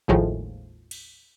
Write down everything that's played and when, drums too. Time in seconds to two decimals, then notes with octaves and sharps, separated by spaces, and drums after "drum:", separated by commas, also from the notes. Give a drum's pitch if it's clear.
0.08 D#2 A2 D#3 F3 G#3 A3, drum: kick A1
0.91 drum: cymbal